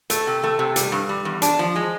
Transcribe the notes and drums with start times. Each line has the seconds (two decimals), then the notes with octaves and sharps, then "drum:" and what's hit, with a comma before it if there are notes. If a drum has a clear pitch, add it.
0.10 A3, drum: hi-hat
0.27 C3
0.44 A3
0.59 C3
0.76 G3, drum: hi-hat
0.92 G2
1.09 G3
1.25 E2
1.42 D4, drum: hi-hat
1.59 F3
1.76 G#3